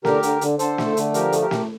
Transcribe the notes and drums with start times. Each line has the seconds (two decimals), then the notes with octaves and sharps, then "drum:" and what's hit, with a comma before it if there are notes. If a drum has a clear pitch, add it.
0.05 D3 G4 A#4, drum: snare
0.23 D3, drum: hi-hat
0.41 D3, drum: hi-hat
0.59 D3 A4 C5, drum: hi-hat
0.78 A3, drum: snare
0.97 D3, drum: hi-hat
1.14 F3 G4 A#4, drum: hi-hat
1.32 A3, drum: hi-hat
1.42 G4 A#4
1.51 A3, drum: snare